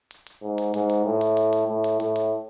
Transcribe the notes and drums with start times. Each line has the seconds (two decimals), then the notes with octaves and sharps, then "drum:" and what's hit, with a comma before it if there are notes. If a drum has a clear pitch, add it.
0.11 drum: hi-hat
0.26 drum: hi-hat
0.42 G#2
0.58 drum: hi-hat
0.74 G#2, drum: hi-hat
0.90 drum: hi-hat
1.05 A2
1.21 drum: hi-hat
1.37 drum: hi-hat
1.53 drum: hi-hat
1.68 A2
1.84 drum: hi-hat
2.00 A2, drum: hi-hat
2.16 drum: hi-hat